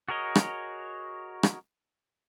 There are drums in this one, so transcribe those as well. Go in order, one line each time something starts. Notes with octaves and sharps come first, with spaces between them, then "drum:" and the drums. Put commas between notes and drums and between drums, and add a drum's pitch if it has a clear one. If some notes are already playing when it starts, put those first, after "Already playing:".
F#4 G#4 A#4 C#5 D#5
drum: rim click
drum: rim click